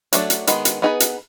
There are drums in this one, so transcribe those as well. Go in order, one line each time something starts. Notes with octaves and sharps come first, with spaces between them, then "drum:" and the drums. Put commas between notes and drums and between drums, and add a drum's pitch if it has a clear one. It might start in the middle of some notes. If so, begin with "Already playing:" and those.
F#3 A3 D4, drum: hi-hat
drum: hi-hat
D#3 G#3 B3, drum: hi-hat
drum: hi-hat
B3 D#4 G#4 B4
drum: hi-hat